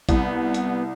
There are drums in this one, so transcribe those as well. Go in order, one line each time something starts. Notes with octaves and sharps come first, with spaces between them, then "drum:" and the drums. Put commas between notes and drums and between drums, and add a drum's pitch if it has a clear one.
C2 B3, drum: kick A1, hi-hat
drum: hi-hat